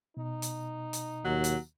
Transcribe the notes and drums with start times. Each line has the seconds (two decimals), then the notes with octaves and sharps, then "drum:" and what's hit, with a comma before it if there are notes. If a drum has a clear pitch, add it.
0.17 B2 D#4
0.42 drum: hi-hat
0.93 drum: hi-hat
1.25 D#2 F#3
1.44 drum: hi-hat